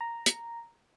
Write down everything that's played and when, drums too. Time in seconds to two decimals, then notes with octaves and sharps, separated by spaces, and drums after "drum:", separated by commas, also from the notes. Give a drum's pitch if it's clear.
0.01 A#5
0.26 drum: hi-hat